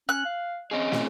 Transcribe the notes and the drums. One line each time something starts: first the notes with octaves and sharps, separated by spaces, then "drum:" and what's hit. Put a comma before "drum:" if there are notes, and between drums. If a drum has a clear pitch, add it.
C#4 F#6
F5
C4 C#4 G#4 D#5
drum: snare